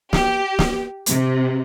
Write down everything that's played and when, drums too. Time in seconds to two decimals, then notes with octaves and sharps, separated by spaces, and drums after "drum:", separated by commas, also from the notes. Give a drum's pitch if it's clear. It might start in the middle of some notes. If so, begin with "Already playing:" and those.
0.13 G4, drum: snare
0.59 drum: snare
1.06 C3, drum: hi-hat